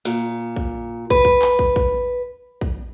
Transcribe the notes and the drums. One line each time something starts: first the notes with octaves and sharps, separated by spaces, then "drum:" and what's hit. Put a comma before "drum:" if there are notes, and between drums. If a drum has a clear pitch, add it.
A#2
drum: kick
B4, drum: kick
drum: kick
drum: clap
drum: kick
drum: kick
drum: kick